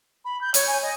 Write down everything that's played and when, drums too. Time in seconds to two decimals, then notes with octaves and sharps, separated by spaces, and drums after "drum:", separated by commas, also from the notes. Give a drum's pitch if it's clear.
0.25 B5
0.41 G6
0.54 C#5, drum: hi-hat
0.67 G#5
0.82 D#5